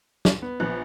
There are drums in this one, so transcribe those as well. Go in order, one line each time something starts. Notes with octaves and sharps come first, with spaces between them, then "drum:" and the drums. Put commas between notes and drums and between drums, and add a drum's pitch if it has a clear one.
drum: snare
B3
A#1 B3 F#6